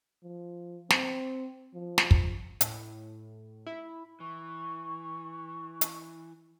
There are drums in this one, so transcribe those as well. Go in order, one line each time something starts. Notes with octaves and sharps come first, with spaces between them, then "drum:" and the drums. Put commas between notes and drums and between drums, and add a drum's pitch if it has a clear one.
F3
C4, drum: snare
F3
drum: snare
drum: kick
A2, drum: hi-hat
E4
E3 C#6
drum: hi-hat